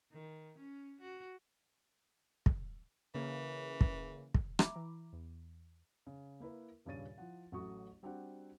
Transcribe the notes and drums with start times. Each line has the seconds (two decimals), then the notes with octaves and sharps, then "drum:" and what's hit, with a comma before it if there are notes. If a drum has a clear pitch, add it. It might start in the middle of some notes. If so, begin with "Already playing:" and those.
0.12 D#3
0.58 C#4
1.00 F#4
2.46 drum: kick
3.15 C#3 E3 A#3
3.81 drum: kick
4.34 drum: kick
4.59 E5 A#5 B5 D6, drum: rim click
4.76 E3
5.13 E2
6.07 C#3
6.40 A#3 E4 A#4 B4
6.85 D#1 G2 C#3 C#5 A6 D#7
7.18 F3 E4 F#5
7.52 A1 F#3 A3 F#4 C#6 D#6
8.03 G3 C4 D4 F#4 G4 F#5